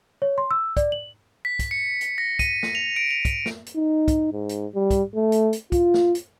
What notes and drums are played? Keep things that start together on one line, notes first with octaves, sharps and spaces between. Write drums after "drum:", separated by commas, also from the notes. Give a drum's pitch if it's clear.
C#5
C6
E6
D5, drum: kick, hi-hat
F#7
B6
drum: kick, hi-hat
C#7
drum: hi-hat
A#6
D#7, drum: kick, hi-hat
drum: snare
F7
D7
F7
drum: kick, hi-hat
drum: snare
drum: hi-hat
D#4
drum: kick, hi-hat
G#2
drum: hi-hat
G3
drum: kick, hi-hat
A3
drum: hi-hat
drum: hi-hat
F4, drum: kick, hi-hat
drum: snare
drum: hi-hat